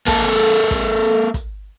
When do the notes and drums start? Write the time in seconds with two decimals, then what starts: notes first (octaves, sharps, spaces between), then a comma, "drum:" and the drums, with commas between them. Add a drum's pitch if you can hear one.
0.07 A#3 A4, drum: kick, hi-hat
0.71 drum: kick, hi-hat
1.02 drum: hi-hat
1.34 drum: kick, hi-hat